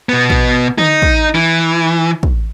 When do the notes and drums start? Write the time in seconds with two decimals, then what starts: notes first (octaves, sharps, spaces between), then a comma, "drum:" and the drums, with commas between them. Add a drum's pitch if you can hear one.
0.09 B2 B3
0.30 drum: kick
0.78 D#4, drum: tom D3
1.02 drum: kick
1.35 E3
2.23 drum: kick